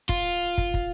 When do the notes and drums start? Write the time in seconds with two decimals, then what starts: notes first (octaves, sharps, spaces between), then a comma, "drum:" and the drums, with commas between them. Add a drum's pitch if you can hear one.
0.09 F4, drum: kick
0.58 drum: kick
0.74 drum: kick